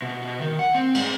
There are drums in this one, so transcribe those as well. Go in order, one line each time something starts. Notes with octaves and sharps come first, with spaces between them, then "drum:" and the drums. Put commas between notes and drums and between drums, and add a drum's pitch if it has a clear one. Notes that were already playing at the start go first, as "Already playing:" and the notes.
B2
B2
D#3
F#5
C4
G#2, drum: cymbal